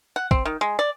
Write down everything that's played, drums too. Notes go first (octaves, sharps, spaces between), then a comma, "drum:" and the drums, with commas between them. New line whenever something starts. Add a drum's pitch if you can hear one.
F#5
C4, drum: kick
D#3
G#3
D5